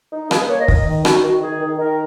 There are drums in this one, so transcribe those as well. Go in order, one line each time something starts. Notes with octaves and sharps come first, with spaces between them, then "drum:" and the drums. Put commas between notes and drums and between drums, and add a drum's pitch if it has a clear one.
D#4
A#3 G#4, drum: rim click
B4
A#3 C#5
D#5
D#3, drum: kick
D#3
D#3 F#4, drum: rim click
D#3 F#4
D#3 G#4
D#3
D#3 A#4